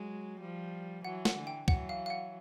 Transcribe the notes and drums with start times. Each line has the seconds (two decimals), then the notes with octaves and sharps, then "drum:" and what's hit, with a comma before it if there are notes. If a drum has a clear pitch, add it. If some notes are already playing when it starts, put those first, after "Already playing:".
Already playing: F#3 G#3
0.40 F3 G3
1.04 E3 F#3 F#5
1.25 F#5, drum: snare
1.36 D3 E3
1.47 G5
1.68 E3 F#3 F#5, drum: kick
1.89 F5
2.06 F5
2.10 F#5